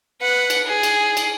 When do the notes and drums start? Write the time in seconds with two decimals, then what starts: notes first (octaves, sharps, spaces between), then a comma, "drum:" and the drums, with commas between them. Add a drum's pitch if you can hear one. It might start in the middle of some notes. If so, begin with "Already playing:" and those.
0.21 B4 F#5
0.50 drum: cymbal
0.67 G#4
0.83 drum: cymbal
1.17 drum: cymbal